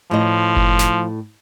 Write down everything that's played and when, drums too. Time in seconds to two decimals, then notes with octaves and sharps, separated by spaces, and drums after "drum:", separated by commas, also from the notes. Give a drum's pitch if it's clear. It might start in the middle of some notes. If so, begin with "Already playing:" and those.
0.11 A2 F3 D#5
0.56 drum: kick F#1
0.79 drum: snare